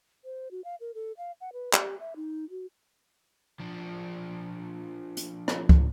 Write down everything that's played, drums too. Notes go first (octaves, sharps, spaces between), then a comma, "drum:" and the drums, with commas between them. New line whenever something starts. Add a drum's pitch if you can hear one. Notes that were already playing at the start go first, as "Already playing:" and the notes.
C5
F#4
F5
A#4
A4
F5
F#5
B4
G4, drum: clap
E5
D#4
F#4
F3 D4
drum: hi-hat
drum: rim click
drum: kick C#2